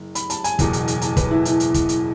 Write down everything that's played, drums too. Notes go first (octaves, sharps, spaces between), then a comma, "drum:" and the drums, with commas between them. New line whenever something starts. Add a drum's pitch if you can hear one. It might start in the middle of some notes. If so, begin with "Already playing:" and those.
Already playing: F#1
B5, drum: hi-hat
A5, drum: hi-hat
G#5, drum: hi-hat
F#1 E2 B2, drum: kick, hi-hat
drum: hi-hat
drum: hi-hat
A5, drum: hi-hat
B4, drum: kick, hi-hat
E4
E4, drum: hi-hat
drum: hi-hat
drum: kick, hi-hat
drum: hi-hat